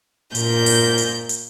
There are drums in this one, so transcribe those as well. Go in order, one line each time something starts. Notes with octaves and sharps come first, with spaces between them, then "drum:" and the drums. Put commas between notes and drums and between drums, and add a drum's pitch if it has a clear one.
A#2 G6, drum: hi-hat
drum: open hi-hat
drum: hi-hat
drum: hi-hat